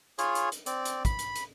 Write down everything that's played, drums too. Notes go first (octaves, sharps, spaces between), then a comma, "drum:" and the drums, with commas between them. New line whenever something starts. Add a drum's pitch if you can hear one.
F4 G#4 C#5, drum: hi-hat
drum: hi-hat
drum: hi-hat
C4 D5, drum: hi-hat
drum: hi-hat
B5, drum: kick, hi-hat
drum: hi-hat
drum: hi-hat